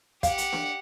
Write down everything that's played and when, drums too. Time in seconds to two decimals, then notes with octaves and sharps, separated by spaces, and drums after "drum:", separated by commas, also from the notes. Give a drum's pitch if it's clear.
0.23 G4 F5 F#5, drum: kick, hi-hat
0.38 drum: hi-hat
0.53 drum: snare D4